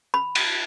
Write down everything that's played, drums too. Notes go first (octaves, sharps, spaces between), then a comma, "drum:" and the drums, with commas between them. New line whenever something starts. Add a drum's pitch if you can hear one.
B5
drum: cymbal